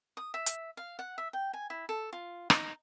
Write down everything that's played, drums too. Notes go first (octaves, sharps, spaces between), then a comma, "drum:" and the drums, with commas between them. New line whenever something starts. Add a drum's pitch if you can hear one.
D#6
E5
drum: hi-hat
F5
F#5
E5
G5
G#5
E4
A4
F4
D#4, drum: rim click